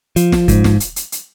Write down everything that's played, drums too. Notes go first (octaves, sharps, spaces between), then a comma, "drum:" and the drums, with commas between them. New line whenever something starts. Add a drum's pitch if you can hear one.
F3, drum: hi-hat
drum: snare
G#2, drum: kick, hi-hat
drum: snare
drum: hi-hat
drum: hi-hat
drum: hi-hat